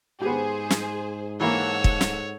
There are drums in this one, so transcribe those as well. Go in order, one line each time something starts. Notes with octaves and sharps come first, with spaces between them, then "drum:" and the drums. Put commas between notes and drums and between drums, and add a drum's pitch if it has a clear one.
G#2 B3 G4 G#4 C5
drum: snare
E3 A#3 A4 C#5 F#5 E6
drum: kick
drum: snare